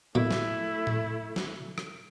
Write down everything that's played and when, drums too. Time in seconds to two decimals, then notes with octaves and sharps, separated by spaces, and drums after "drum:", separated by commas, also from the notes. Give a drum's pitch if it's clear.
0.15 B2 A3 A#3 E4, drum: tom A2
0.31 drum: snare
0.87 drum: tom A2
1.36 drum: snare
1.78 drum: rim click